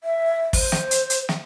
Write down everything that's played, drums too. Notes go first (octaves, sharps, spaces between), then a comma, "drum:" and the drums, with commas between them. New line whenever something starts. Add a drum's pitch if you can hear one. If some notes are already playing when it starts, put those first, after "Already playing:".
E5
C5, drum: kick, open hi-hat
drum: snare
drum: hi-hat
drum: hi-hat
drum: snare